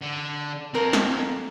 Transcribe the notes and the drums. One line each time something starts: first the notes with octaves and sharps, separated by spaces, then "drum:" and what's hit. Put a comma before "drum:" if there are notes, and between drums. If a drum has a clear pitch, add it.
D3
C4 A4 A#4
drum: snare